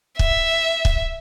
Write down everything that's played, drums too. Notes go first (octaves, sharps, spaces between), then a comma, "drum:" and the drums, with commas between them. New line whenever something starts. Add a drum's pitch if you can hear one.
E5, drum: kick
drum: kick